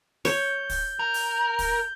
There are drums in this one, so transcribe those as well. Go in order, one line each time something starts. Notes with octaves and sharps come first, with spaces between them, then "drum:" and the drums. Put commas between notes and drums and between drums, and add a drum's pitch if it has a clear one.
C#5 G6, drum: open hi-hat
drum: kick, open hi-hat
A#4
drum: open hi-hat
drum: kick, open hi-hat